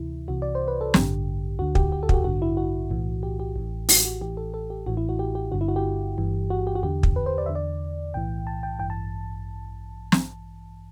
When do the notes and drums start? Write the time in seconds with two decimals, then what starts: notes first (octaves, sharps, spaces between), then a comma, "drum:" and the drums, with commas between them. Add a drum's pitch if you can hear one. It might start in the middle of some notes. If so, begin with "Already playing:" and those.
Already playing: D2 C3 E3 E4
0.28 C2 C3 E3 F#4
0.42 D5
0.55 C5
0.68 B4
0.81 A4
0.94 A1 G2 D3 G4, drum: snare
1.59 D2 D3 F#4
1.75 G4, drum: kick
1.92 G4
2.03 A4
2.09 F#4, drum: kick
2.14 G4
2.24 A1 G2 D3 F#4
2.42 E4
2.57 F#4
2.90 B1 A2 E3
3.23 G4
3.40 G4
3.56 A1 A2 E3
3.89 F#4, drum: open hi-hat
4.05 F#4
4.21 A1 A2 E3 G4
4.37 A4
4.54 A4
4.70 G4
4.86 A1 A2 E3 F#4
4.97 E4
5.09 F#4
5.19 G4
5.35 G4
5.52 G1 G2 D3 F#4
5.61 E4
5.68 F#4
5.76 G4
6.17 G1 G2 E3
6.50 F#4
6.67 G4
6.75 F#4
6.83 E2 D3 G4
7.03 drum: kick
7.16 B4
7.26 C5
7.38 D5
7.46 E2 D3 E5
7.55 D5
8.14 B1 A2 E3 G5
8.47 A5
8.63 G5
8.79 A1 G2 E3 G5
8.90 A5
10.12 drum: snare